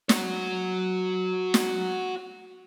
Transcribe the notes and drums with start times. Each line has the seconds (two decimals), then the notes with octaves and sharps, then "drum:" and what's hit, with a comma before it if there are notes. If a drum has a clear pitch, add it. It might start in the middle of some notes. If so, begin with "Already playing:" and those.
0.09 F#4 C#5, drum: snare
1.54 drum: snare